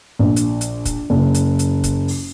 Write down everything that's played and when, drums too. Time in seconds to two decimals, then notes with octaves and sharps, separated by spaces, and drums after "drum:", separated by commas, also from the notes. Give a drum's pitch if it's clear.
0.19 A#1
0.36 drum: hi-hat
0.61 drum: hi-hat
0.85 drum: kick, hi-hat
1.10 F#1
1.34 drum: hi-hat
1.59 drum: hi-hat
1.84 drum: kick, hi-hat
2.08 drum: open hi-hat